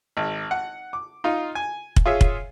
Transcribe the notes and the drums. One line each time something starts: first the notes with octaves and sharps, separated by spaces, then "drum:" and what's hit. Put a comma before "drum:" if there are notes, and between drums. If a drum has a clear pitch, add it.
G#1
F#5
D6
D#4 F4
G#5
drum: kick
F4 G#4 C#5 E5
drum: kick